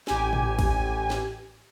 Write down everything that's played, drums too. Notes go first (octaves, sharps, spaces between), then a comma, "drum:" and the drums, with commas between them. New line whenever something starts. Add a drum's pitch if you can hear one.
A1 G4 G#5, drum: snare
drum: tom
drum: kick, cymbal
drum: snare